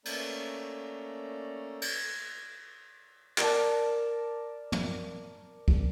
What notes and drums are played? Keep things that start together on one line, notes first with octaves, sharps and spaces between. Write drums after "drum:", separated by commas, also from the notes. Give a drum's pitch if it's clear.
A3 A#3 C#4 A4 D5 A#5, drum: cymbal
drum: cymbal
A#4 D5 A5, drum: clap
drum: tom
drum: kick